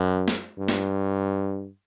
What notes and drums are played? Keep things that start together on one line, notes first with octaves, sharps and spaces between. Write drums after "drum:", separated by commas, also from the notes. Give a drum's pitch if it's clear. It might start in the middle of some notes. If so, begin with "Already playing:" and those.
Already playing: F#2
drum: snare
G2
drum: snare